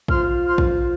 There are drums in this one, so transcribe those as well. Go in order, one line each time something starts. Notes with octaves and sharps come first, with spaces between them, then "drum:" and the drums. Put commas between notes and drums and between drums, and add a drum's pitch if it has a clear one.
F4 C5 C6 F6, drum: kick
C6 F6
drum: kick